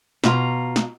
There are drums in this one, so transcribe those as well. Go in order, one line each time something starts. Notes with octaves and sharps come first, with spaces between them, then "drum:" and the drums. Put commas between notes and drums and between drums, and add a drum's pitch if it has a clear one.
B2 F4 A#5, drum: snare
drum: snare